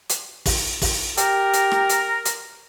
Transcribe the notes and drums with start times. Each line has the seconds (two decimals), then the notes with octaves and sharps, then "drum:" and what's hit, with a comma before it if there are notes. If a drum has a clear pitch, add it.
0.10 drum: hi-hat
0.46 drum: kick, open hi-hat
0.82 drum: kick, open hi-hat
1.18 G4 A#4, drum: hi-hat
1.54 drum: hi-hat
1.71 drum: rim click
1.89 drum: hi-hat
2.25 drum: hi-hat